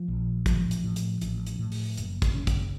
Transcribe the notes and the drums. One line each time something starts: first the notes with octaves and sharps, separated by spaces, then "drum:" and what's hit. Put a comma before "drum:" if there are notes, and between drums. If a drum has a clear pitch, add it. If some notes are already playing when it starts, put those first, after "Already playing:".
Already playing: F3
A#1
A1 F3, drum: kick, hi-hat
drum: hi-hat
A2
drum: hi-hat
A1, drum: hi-hat
drum: hi-hat
A2
drum: open hi-hat
F#1, drum: hi-hat
drum: kick, hi-hat
C#3
drum: kick, hi-hat